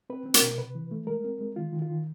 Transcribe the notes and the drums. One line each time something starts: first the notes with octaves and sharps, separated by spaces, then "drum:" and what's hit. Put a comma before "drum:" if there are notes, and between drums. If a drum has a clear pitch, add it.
C4 B4
C4
A#4, drum: hi-hat
B2
C3 B4
E3
A3
G#3 A#4
C4
G#3
D#3 F4
D#3
F4
D#3